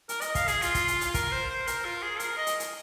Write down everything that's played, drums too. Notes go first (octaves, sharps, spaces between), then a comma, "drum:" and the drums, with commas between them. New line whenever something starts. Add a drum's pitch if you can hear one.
A#4, drum: hi-hat
D#5, drum: hi-hat
F5, drum: kick, hi-hat
G#4, drum: hi-hat
F4, drum: hi-hat
drum: kick, hi-hat
drum: hi-hat
drum: hi-hat
A#4, drum: kick, hi-hat
C5
C5
A#4, drum: hi-hat
F4
G#4
A#4, drum: hi-hat
D#5
drum: hi-hat
drum: hi-hat